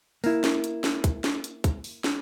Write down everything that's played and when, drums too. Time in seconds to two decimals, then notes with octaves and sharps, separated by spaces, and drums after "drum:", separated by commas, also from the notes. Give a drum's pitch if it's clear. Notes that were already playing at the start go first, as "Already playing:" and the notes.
0.24 A#3 E4, drum: open hi-hat
0.44 drum: snare
0.64 drum: hi-hat
0.84 drum: snare
1.04 drum: kick, hi-hat
1.24 drum: snare
1.44 drum: hi-hat
1.64 drum: kick, hi-hat
1.84 drum: open hi-hat
2.04 drum: snare